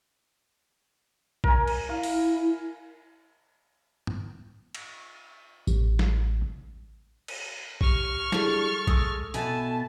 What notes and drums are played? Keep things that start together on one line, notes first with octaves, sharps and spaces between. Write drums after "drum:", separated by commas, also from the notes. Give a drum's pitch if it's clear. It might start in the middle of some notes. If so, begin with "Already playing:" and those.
A#4 G#5, drum: kick A#1
drum: cymbal
E4 F5
drum: open hi-hat
drum: tom
drum: cymbal
A1, drum: tambourine
drum: snare
drum: cymbal
G4 C#6 F6, drum: kick A#1
G3 D4 E4 G#4 A4, drum: snare
G#3 D#6 E6, drum: kick A#1
B2 E4 A4 G#5 A5, drum: hi-hat